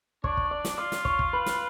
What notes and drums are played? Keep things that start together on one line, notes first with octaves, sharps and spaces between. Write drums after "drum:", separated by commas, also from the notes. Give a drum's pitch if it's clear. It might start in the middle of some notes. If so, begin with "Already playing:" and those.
D4 C#5, drum: kick
drum: kick
D5
drum: snare
F4 D5
drum: snare
C#5, drum: kick
drum: kick
B4
drum: snare